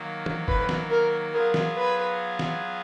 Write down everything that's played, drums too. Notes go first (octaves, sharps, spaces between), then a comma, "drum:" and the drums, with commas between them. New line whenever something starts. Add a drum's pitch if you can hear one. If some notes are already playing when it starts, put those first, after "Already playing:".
Already playing: D#3 F#3 A#3
drum: tom E3
B4, drum: kick
drum: snare
A#4
F#3 B3 F4 G#4 A#4
drum: snare
B4
drum: snare